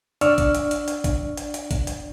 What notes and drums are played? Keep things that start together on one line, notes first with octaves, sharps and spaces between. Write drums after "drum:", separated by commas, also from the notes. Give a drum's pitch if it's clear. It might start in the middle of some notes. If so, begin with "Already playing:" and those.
D4 D5 C#6 E6 F6, drum: hi-hat
drum: kick, hi-hat
drum: hi-hat
drum: hi-hat
drum: hi-hat
drum: kick, hi-hat
drum: hi-hat
drum: hi-hat
drum: kick, hi-hat
drum: hi-hat